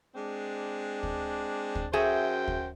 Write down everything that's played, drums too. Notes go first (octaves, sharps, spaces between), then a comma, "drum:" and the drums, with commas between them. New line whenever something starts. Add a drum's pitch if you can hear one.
G#3 C4 D4
drum: kick
drum: kick
F#2 F#4 G#4 C5 E5 G5
drum: kick